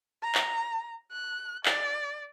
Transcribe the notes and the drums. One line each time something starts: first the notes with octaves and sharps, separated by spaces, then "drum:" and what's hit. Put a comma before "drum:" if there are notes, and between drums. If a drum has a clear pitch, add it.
A#5
drum: clap
F#6
D5, drum: clap